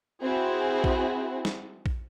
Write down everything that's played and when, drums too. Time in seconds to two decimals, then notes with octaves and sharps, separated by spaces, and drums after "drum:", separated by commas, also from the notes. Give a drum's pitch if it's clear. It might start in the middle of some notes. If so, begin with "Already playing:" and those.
0.23 C4 E4 F#4 G#4
0.84 drum: kick A#1
1.45 drum: snare
1.86 drum: kick A#1